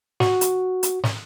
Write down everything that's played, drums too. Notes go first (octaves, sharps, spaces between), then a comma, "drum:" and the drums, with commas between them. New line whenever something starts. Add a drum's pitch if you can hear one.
F#4, drum: snare
drum: hi-hat
drum: hi-hat
drum: snare